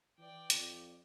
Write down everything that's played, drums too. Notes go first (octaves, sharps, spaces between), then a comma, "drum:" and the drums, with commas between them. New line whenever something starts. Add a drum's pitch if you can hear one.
E3 D5 G5
F2, drum: hi-hat